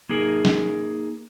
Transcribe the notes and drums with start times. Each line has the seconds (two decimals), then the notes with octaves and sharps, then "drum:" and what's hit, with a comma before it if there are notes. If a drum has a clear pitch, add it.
0.09 A#3 D#4 G#4 A#4
0.45 drum: snare